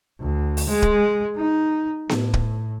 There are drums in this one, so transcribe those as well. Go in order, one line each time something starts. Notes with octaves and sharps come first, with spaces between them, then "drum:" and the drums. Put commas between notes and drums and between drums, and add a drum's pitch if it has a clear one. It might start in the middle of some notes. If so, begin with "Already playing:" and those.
D2
drum: open hi-hat
G#3
drum: kick
D#4
A2, drum: snare B3
drum: kick